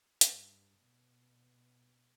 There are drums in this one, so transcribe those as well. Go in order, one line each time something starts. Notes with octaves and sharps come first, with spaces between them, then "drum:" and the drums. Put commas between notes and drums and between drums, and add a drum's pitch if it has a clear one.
G2, drum: hi-hat
B2